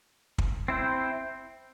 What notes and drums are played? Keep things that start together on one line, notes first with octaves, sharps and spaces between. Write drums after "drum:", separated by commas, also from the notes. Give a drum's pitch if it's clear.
drum: kick
C4 E4 C5